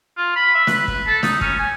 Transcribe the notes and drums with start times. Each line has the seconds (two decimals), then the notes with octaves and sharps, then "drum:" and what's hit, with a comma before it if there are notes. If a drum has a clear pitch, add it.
0.17 F4
0.36 B5
0.54 E5
0.67 B4, drum: snare
0.88 drum: kick
1.07 A4
1.23 D#4, drum: snare
1.41 C#4, drum: kick
1.59 G#5